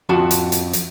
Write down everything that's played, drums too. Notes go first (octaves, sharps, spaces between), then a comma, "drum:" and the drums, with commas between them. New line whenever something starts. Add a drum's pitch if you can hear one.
F2 F#4 A5
drum: hi-hat
drum: hi-hat
drum: hi-hat